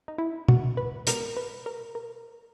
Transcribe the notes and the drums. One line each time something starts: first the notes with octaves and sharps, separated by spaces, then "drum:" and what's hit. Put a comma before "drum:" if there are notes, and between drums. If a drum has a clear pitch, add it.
D#4
E4
F#4, drum: tom
B4
B2 G#3 B3 A#4, drum: hi-hat
B4
A#4
A#4